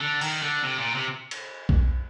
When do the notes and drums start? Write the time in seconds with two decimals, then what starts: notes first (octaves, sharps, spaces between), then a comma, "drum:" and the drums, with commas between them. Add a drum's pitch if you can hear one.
0.01 D3
0.21 D#3, drum: open hi-hat
0.42 D3
0.63 C3
0.79 A#2
0.94 C3
1.31 drum: cymbal
1.69 drum: kick B1